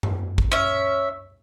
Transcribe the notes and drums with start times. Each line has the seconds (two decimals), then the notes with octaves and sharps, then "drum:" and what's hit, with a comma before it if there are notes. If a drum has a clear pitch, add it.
0.03 drum: tom F#2
0.38 drum: kick G#1
0.52 C#4 E5